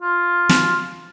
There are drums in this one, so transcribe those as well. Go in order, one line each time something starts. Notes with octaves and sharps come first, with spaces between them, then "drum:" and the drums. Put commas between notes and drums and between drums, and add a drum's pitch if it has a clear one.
F4
drum: snare